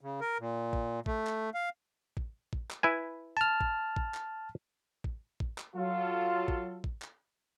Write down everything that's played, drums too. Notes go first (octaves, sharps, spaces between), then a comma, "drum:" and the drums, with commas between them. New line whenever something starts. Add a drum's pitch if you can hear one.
C#3
A#4
A#2
drum: kick A1
A3, drum: kick A1
drum: clap
F5
drum: kick A1
drum: kick A1
drum: clap
E4 B4 G#5
A5 F6
drum: kick A1
drum: kick A1
drum: clap
drum: kick A1
drum: kick A1
drum: clap
F#3 F4 A4
drum: kick A1
drum: kick A1
drum: clap